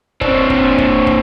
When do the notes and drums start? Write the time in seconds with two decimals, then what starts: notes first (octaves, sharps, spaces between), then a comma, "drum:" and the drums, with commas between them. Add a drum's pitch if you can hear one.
0.21 C4 D4, drum: kick
0.50 drum: kick
0.78 drum: kick
1.07 drum: kick